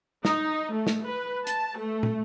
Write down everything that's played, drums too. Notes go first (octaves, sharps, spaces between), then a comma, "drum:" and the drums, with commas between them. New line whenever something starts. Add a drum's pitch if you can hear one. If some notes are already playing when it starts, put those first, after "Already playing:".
D#4, drum: snare
A3
drum: snare
B4
A5, drum: hi-hat
A3
drum: tom